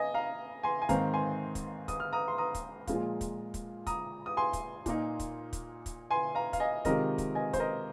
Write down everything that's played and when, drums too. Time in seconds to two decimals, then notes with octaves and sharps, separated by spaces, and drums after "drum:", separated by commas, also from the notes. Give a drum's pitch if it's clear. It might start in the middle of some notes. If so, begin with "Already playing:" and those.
Already playing: D#5 G#5
0.14 F5 A#5
0.63 G#5 C6
0.82 G#5
0.89 G#2 D#3 C4 F5 A#5, drum: kick, hi-hat
1.14 G#5 C6
1.55 drum: kick, hi-hat
1.88 D#6, drum: kick, hi-hat
2.00 F6
2.13 A#5 D#6
2.28 C6
2.38 A#5 D#6
2.55 drum: kick, hi-hat
2.87 A#2 F3 G#3 F4, drum: kick, hi-hat
3.21 drum: kick, hi-hat
3.54 drum: kick, hi-hat
3.87 A#5 D#6, drum: kick, hi-hat
4.26 D#6
4.37 G#5 C6
4.53 drum: kick, hi-hat
4.86 A#2 A#3 D#4, drum: kick, hi-hat
5.20 drum: kick, hi-hat
5.53 drum: kick, hi-hat
5.86 drum: kick, hi-hat
6.11 G#5 C6
6.35 F5 A#5
6.53 F5, drum: kick, hi-hat
6.60 D#5 G#5
6.85 C3 D#3 G#3 C4 F4 A#4 D#5, drum: kick, hi-hat
7.18 drum: kick, hi-hat
7.35 D#5 G#5
7.53 C5, drum: kick, hi-hat
7.60 A#4 D#5